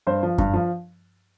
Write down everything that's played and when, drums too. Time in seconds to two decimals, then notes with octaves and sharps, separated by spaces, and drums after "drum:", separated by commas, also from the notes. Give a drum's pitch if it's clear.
0.07 G2 C5
0.23 F3
0.38 G2, drum: kick F#2
0.53 F3